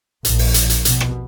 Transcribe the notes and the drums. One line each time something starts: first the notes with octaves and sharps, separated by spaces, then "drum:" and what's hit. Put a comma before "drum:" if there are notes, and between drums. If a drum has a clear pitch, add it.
A#1, drum: hi-hat
drum: open hi-hat
drum: hi-hat
drum: hi-hat
B2, drum: hi-hat
drum: rim click